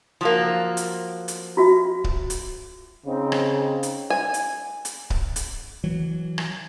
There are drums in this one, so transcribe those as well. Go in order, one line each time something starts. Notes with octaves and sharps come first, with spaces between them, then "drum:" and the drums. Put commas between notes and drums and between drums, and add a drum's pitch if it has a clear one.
F3 F#3 A#3
drum: hi-hat
drum: hi-hat
F4 F#4 E5
drum: kick C#1
drum: hi-hat
C#3 C4 D#4
drum: rim click
drum: hi-hat
G#5
drum: hi-hat
drum: hi-hat
drum: kick C#1
drum: hi-hat
E3 F#3
drum: rim click